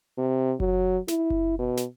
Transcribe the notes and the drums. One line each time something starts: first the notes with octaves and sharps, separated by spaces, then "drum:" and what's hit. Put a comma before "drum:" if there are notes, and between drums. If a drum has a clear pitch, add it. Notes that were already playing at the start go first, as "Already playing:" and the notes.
C3
F#3, drum: kick F#1
E4, drum: snare
drum: kick F#1
B2
drum: snare